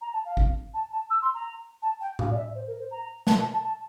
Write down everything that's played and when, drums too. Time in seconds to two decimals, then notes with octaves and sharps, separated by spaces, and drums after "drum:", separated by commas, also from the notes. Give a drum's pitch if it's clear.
0.01 A#5
0.13 A5
0.25 F5
0.37 drum: kick A1
0.74 A5
0.92 A5
1.10 E6
1.22 C6
1.34 A#5
1.82 A5
2.00 G5
2.19 F5, drum: tom A2
2.31 D5
2.36 E5
2.55 C5
2.67 A#4
2.79 C5
2.91 A#5
3.27 A5, drum: snare
3.39 A5
3.52 A5
3.64 A5